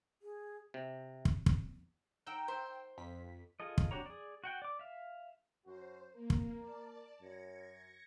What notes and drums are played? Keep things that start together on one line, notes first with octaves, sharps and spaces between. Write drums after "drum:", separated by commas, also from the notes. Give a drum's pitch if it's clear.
G#4
C3
drum: kick
drum: kick
D#4 A#4 F#5 G5 E6 G6
C5 E5
F2 B6
F4 G#4 A4 D#5
drum: kick
D4 F#4 G4 C#5 A#5
G#4 D5
F#4 F#5 G5
D5 D6
E5 F5
F#2 F#4 C5
A#3 A#4
drum: kick
D5 A5
F#2 G#6 A#6 C#7